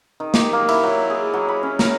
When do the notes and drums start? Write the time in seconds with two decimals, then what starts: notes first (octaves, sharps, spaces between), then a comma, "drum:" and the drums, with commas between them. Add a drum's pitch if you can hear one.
0.20 D#3
0.34 G4, drum: snare
0.53 A#3
0.68 E4, drum: cymbal
0.83 F#3
1.10 G#4
1.33 F#3
1.48 B5
1.63 C#4
1.79 A#4, drum: snare